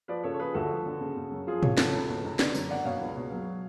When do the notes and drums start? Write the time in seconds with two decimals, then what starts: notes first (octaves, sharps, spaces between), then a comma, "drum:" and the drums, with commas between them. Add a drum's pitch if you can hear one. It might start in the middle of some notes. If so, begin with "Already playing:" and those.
0.08 F3 B4 D5
0.24 C#3 A4 C#5
0.34 C#5
0.40 F3 G#4 B4
0.54 D2 F#4 A4
0.70 F3
0.86 D3
1.01 C#3
1.16 C#3
1.32 F#2
1.47 F3 F4 G#4
1.63 F2 C#5 F5, drum: tom
1.78 F3 A4 C#5, drum: snare
1.93 C#2
2.09 B2
2.25 C#2
2.39 D3 B4 D5, drum: snare
2.55 F#2, drum: tambourine
2.70 F#2 D5 F#5
2.81 D5
2.85 B2 C#5 F5
3.01 C#2
3.17 B2
3.32 F#3